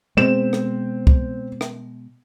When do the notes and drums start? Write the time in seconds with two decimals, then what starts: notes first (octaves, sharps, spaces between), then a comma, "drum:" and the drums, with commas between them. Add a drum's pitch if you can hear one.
0.17 B2 G#3 C4 E7
0.53 drum: rim click
1.07 drum: kick C2
1.61 drum: rim click